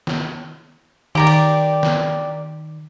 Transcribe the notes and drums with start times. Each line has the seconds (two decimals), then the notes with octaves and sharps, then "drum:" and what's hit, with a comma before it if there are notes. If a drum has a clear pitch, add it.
0.07 drum: snare
1.15 D#3 G4 A#4 D5
1.27 drum: cymbal
1.83 drum: snare